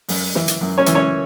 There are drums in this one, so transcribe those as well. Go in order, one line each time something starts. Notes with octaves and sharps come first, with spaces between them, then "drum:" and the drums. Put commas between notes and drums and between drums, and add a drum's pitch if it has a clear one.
F#2, drum: open hi-hat
E3, drum: snare
drum: hi-hat
F#2
C#4 C#5
E3, drum: hi-hat
C#4 C#5